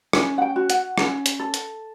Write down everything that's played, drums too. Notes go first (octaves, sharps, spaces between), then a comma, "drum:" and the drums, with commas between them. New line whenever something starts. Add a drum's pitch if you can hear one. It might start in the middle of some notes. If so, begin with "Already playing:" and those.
C#4, drum: rim click
F#5
G5
F#4
F#5, drum: hi-hat
C#4, drum: rim click
drum: hi-hat
A4
drum: hi-hat